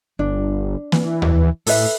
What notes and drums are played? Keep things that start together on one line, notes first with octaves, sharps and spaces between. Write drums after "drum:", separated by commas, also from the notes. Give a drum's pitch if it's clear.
G1 D4
E3, drum: snare A#3
drum: tom D#2
A2 A4 B4 E5, drum: open hi-hat